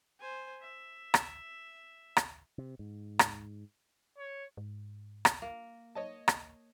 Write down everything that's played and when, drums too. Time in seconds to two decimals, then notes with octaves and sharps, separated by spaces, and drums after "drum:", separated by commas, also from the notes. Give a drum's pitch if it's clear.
0.20 C5 G#5
0.61 E5
1.14 drum: rim click
2.17 drum: rim click
2.58 C3
2.79 G#2
3.19 drum: rim click
4.18 C#5
4.57 G#2
5.25 drum: rim click
5.42 A#3
5.95 C#5 D#5 A5
6.28 drum: rim click